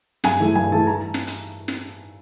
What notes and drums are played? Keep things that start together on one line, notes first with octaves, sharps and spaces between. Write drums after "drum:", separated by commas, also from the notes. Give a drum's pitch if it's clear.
G2 G#5, drum: snare
E3 A3
G2 G#5
E3 A3 A5
A#5
drum: snare
drum: hi-hat
drum: snare